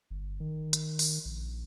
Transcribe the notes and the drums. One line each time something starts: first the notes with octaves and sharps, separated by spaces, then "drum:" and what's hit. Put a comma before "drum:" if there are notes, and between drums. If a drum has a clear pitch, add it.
G1
D#3
drum: hi-hat
drum: open hi-hat
A#1